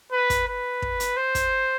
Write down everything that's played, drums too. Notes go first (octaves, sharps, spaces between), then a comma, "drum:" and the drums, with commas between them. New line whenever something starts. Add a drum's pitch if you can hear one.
B4
drum: kick, hi-hat
B4
drum: kick
drum: hi-hat
C5
drum: kick, hi-hat